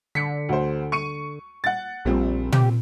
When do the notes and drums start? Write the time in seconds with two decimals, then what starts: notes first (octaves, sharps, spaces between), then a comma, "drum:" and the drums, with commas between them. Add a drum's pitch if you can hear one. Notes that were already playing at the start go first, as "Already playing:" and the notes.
0.15 D3 B6 C#7
0.49 D2 C5
0.92 C#6 C#7 D#7
1.64 F#5 A6
2.05 A#1 A#2 G3 C4
2.52 G4, drum: tom